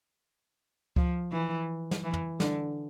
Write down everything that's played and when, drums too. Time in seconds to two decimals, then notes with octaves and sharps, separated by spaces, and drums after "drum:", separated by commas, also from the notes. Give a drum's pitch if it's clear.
0.96 F3, drum: kick C#2
1.32 E3
1.91 drum: snare
2.04 E3
2.13 drum: tom
2.40 D3, drum: snare